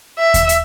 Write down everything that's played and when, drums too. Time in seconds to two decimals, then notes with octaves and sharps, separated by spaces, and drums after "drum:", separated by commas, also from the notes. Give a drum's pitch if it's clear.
0.19 E5
0.34 drum: kick D#2, hi-hat
0.49 drum: hi-hat